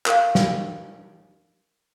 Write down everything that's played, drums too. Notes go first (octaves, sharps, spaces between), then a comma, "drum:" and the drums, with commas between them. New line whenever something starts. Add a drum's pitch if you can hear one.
A#4 F5, drum: clap
drum: snare